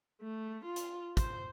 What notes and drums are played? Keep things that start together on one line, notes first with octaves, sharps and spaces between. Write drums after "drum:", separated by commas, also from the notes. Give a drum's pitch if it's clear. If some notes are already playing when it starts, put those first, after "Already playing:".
A3
F4
drum: hi-hat
C5, drum: kick, hi-hat